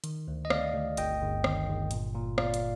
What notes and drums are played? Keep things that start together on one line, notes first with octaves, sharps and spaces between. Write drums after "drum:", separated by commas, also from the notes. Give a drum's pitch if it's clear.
D#3, drum: hi-hat
D2
D#5
D2 D5 F5, drum: rim click
D2
G1 D#5 G5, drum: hi-hat
G1
D#3, drum: rim click
G1
A#2, drum: hi-hat
A#2
A#2 D5 F5, drum: rim click
drum: hi-hat